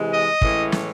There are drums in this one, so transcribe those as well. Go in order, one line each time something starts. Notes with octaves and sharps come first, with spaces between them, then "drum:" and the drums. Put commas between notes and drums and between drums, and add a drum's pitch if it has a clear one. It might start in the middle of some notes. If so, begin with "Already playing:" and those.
Already playing: C3 E3 G#3
D#5
A2 E3 G#3 C#4, drum: kick
drum: snare